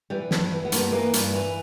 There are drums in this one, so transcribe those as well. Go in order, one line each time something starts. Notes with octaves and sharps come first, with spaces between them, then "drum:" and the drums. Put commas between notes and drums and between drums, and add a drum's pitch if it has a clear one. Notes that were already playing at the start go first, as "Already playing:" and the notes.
E3 G3
G2, drum: snare
E3
B3
G2 A#3, drum: hi-hat
B3
E3 A#3
G2, drum: hi-hat
E3